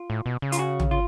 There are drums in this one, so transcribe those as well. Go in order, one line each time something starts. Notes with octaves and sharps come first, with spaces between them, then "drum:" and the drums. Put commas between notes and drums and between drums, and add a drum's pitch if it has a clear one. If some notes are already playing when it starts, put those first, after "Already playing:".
Already playing: F4
A2
B2
C#3
F4, drum: hi-hat
F#4
drum: tom
F4